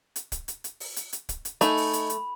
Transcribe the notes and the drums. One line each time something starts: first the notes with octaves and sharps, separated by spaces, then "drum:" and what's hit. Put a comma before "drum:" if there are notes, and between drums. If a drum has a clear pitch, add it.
drum: hi-hat
drum: kick, hi-hat
drum: hi-hat
drum: hi-hat
drum: open hi-hat
drum: hi-hat
drum: hi-hat
drum: kick, hi-hat
drum: hi-hat
A3 D#4 G#5 B5, drum: hi-hat
drum: open hi-hat
drum: hi-hat
drum: hi-hat